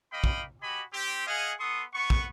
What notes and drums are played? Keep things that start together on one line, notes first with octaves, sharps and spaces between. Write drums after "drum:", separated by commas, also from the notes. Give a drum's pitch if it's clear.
A#3 D#5 F5 G5 B5
drum: kick
F#4 G4 D#5 G#5 B5
C4 G4
G#4 D#5 F5 F#5 G#5
B3 A4 C6 C#6 D#6
B3 F#5 C#6
drum: kick